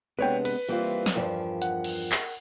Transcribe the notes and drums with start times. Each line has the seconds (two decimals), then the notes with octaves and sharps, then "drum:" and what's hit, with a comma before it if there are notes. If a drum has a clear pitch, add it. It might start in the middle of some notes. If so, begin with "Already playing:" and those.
0.19 C3 G#3 B3 D4 B4 C#5 G5
0.45 B4, drum: cymbal
0.69 E3 G3 A#3 C4 F4
1.06 drum: snare
1.15 E2 G2 F3 A#4 F5 G5
1.62 F#5, drum: hi-hat
1.84 drum: cymbal
2.12 drum: clap